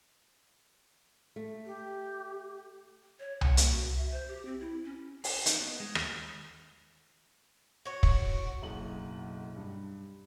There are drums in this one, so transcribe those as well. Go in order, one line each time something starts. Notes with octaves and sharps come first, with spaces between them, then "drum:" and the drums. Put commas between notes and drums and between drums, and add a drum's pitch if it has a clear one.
A3
G4
C#5
F#5, drum: tom C2
A#3, drum: hi-hat
F#4
E5
C5
G4
C4
E4
C#4
G#4, drum: open hi-hat
D#4, drum: hi-hat
B3
G#3
D#2, drum: rim click
F#4 C#5
drum: kick
F#1 B1 G#4 F#7
G2